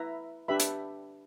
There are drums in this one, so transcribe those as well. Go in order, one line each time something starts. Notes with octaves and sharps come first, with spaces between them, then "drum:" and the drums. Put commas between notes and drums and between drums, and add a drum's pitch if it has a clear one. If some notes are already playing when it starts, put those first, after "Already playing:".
Already playing: E4 B4 E5 A#5
D4 G4 B4 E5 B5
drum: hi-hat